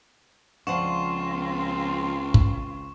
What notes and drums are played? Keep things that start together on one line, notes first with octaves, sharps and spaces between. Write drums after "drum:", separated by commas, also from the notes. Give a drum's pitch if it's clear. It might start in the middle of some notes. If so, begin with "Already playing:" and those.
C#2 F3 C4 F4 D5 F#5 C#6 E7
drum: kick